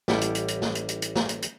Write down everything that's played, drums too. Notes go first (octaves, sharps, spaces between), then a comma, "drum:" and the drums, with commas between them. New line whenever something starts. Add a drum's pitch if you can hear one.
A1 G3 E4 F#5 G5 A5, drum: snare
drum: hi-hat
drum: hi-hat
drum: hi-hat
drum: snare
drum: hi-hat
drum: hi-hat
drum: hi-hat
drum: snare
drum: hi-hat
drum: hi-hat